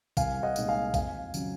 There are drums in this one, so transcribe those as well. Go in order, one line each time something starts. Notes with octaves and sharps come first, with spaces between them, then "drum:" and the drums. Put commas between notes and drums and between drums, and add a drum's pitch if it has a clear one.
C2 F5 G#5, drum: kick, tambourine
D#5 F#5
A#2 G#3 C4 D#4, drum: tambourine
F5 G#5
F2 F5 G#5, drum: kick, tambourine
C#3 F#3 C#4, drum: tambourine